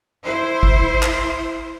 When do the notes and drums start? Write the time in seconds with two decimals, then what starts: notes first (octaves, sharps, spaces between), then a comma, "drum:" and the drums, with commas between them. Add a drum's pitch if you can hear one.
0.23 E4 C5
0.63 drum: kick
1.03 drum: clap